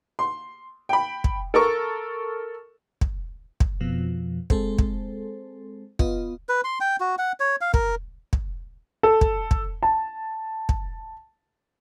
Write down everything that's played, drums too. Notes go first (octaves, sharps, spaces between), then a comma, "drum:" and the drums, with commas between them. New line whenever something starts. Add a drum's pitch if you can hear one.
C6
G5 B5
drum: kick
A4 A#4 C#6
drum: kick
drum: kick
F2 B2 F3
G#3 C4 A4 C5, drum: kick
drum: kick
B3 F4 D#5, drum: kick
B4
C6
G5
F#4
F#5
C#5
F5
A#4, drum: kick
drum: kick
A4
drum: kick
drum: kick
A5
drum: kick